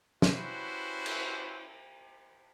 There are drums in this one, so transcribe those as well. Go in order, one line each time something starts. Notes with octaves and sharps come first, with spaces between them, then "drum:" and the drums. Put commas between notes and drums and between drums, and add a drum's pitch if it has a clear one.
C#4 E4 F#4 G4 B4 C5, drum: snare
drum: cymbal